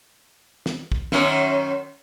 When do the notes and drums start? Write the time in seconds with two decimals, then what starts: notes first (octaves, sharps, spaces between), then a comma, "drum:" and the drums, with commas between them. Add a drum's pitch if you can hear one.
0.66 drum: snare
0.92 drum: kick
1.12 F#2 D#3 C#4, drum: snare